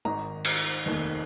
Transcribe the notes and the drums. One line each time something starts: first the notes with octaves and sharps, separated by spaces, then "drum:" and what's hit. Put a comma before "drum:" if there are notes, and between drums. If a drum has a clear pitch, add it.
G#1 G#2 D#3 A#5
drum: cymbal
F1 D#2 D#3